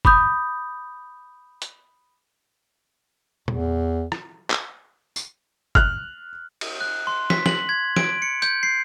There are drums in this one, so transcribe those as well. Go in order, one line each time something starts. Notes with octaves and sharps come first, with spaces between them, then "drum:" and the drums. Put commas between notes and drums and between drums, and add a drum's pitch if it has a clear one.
B5 D6 D#6 G6, drum: kick
drum: hi-hat
E2, drum: tom A#2
drum: rim click
drum: clap
drum: tambourine
F6 F#6, drum: kick
drum: cymbal
F#6
C6
B6, drum: snare
F#7, drum: snare
G#6
D7, drum: snare
C#7
G6, drum: hi-hat
C7